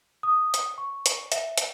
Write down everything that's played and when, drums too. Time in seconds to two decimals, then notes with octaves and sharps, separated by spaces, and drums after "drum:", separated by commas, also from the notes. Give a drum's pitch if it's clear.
0.23 D#6
0.54 drum: hi-hat
0.78 C#6
1.06 drum: hi-hat
1.32 E5, drum: hi-hat
1.58 drum: hi-hat